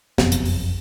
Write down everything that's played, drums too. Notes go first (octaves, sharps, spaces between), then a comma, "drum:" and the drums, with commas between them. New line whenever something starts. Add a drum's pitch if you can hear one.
F#1 B1 F2 B2, drum: snare
drum: hi-hat
drum: open hi-hat